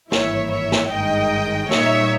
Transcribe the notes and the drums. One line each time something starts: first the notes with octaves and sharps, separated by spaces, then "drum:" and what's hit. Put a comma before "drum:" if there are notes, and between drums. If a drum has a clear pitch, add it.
G#1 G2 E3 A#3 E4 C#5 E5, drum: snare
C#5 E5
drum: snare
G#1 G2 D#3 G#3 D#4 D#5 G5
A#2 G3 A#3 D#4 C#5 E5, drum: snare